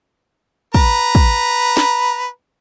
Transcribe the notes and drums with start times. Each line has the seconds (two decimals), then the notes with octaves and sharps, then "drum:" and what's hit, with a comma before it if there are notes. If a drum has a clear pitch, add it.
0.74 B4 A#5, drum: kick
1.15 drum: kick
1.77 drum: snare